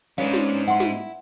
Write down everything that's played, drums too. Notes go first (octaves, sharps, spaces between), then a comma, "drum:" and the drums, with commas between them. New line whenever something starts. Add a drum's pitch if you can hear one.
G#2 G#3 C#4 D4 B4 F5
drum: snare
E4 F#5 C6
drum: snare